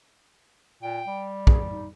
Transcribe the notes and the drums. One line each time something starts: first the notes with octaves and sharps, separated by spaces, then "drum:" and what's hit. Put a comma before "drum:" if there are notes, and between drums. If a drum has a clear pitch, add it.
A#2 G5
G3
G#4, drum: kick
D#4